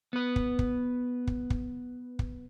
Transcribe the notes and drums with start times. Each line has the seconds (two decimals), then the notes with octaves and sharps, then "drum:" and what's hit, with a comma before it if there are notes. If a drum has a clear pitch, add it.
0.13 B3 B4
0.36 drum: kick
0.59 drum: kick
1.27 drum: kick
1.50 drum: kick
2.19 drum: kick